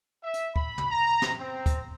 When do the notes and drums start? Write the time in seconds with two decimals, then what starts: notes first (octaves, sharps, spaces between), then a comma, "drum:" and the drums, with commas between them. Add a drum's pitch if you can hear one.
0.24 E5
0.34 drum: hi-hat
0.56 B5, drum: kick
0.78 drum: tom
0.91 A#5
1.22 drum: snare
1.39 C4
1.66 drum: kick, hi-hat